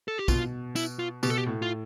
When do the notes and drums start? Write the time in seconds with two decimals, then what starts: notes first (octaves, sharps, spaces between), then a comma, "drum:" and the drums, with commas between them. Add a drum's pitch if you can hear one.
0.08 A4
0.18 G4
0.28 B2 F4, drum: kick, tambourine
0.76 E4, drum: tambourine
0.99 F4
1.23 B2 G4, drum: tambourine
1.30 A4
1.37 G4
1.46 A2
1.62 F4